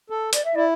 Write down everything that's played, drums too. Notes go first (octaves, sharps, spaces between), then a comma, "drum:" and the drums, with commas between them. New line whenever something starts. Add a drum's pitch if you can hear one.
A4
D5, drum: hi-hat
E5
E4 D5